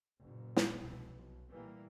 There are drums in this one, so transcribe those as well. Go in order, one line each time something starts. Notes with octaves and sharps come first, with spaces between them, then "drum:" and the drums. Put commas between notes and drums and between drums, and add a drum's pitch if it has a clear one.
F#1 A#2
drum: snare
C2 F2 B2 E3
B1
A#2 E3 G3 A#3